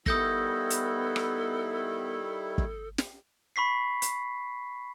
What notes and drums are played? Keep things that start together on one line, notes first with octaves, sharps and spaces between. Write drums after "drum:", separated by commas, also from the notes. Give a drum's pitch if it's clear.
D#3 G3 B3 E4 A4 D#6 G6 A#6, drum: kick
drum: hi-hat
drum: rim click
drum: kick
drum: snare
B5 C#6 B6 C7
drum: hi-hat